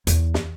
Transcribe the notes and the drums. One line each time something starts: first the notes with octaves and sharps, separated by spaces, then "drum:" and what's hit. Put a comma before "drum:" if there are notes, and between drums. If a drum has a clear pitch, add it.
E2, drum: hi-hat
drum: snare